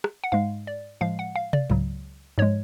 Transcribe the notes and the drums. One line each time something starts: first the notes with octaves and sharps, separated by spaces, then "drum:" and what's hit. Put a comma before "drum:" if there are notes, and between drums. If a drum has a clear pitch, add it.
drum: rim click
F#5
G#2 G#3 F5
D5
A2 F3 G#3 F5
F#5
F5
D5, drum: tom
C#2 C#3 F#3, drum: tom G#2
G#2 F3 G#3 C#5